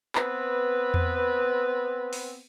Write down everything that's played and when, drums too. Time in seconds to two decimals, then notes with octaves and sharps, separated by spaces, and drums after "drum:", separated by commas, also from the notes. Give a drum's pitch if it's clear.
0.15 B3 C4 B4, drum: clap
0.94 drum: tom E2
2.13 drum: open hi-hat